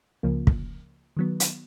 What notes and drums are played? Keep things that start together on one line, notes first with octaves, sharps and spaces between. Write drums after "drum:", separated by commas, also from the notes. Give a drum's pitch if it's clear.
C#2 C#3 F3 A#3
drum: kick
D#3 F#3 B3
drum: hi-hat